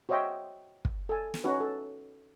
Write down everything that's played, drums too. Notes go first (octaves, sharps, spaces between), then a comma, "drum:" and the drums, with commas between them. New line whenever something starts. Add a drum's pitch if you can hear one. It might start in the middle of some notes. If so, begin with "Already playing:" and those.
F#4 C5 C#5 D#5 E5 G5
drum: kick
A4 G#5
drum: snare
C#4 D#4 F#4 B4
A4